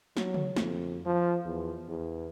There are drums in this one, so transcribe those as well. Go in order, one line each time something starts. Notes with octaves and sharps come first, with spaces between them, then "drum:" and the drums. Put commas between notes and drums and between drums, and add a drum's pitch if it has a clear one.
F#3, drum: snare
drum: tom C#3
F2, drum: snare
F3
E2
E2